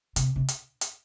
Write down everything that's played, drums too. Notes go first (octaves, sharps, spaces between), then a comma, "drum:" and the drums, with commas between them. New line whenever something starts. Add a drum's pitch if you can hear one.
C3, drum: hi-hat
C3
drum: hi-hat
drum: hi-hat